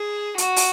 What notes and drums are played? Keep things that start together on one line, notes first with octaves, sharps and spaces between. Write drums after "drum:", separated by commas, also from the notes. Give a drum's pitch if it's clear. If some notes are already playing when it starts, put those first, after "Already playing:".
Already playing: G#4
F#4, drum: hi-hat
drum: open hi-hat